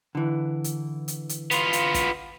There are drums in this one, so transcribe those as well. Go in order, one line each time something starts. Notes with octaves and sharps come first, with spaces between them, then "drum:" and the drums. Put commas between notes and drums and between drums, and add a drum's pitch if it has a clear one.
D3 E3
drum: hi-hat
drum: hi-hat
drum: hi-hat
B3 F4, drum: hi-hat
drum: hi-hat
drum: kick, hi-hat